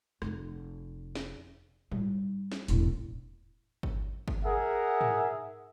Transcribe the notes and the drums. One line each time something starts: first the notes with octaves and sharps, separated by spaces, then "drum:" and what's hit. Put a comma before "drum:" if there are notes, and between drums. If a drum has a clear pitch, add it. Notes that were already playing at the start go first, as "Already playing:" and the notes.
F1, drum: rim click
drum: snare
G3, drum: tom G#2
drum: snare
E1 A1, drum: hi-hat
drum: kick G1
drum: kick G1
G#4 A#4 E5 F#5
drum: tom G#2